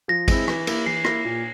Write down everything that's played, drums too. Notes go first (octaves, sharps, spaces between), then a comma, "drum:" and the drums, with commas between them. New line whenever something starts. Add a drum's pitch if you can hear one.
F3 A#6
G#3 C4 E4, drum: kick G#1, cymbal
E3, drum: rim click
A#3 E4, drum: cymbal
E3 C7
A#3 E4 A#6, drum: rim click
A#2